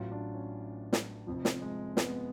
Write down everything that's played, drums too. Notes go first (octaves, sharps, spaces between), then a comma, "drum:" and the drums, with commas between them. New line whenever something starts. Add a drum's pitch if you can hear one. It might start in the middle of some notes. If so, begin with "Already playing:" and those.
Already playing: A1 A2 F#3 F4
D4
C#4
drum: snare
F1 F2 F3
drum: snare
G#3
B3, drum: snare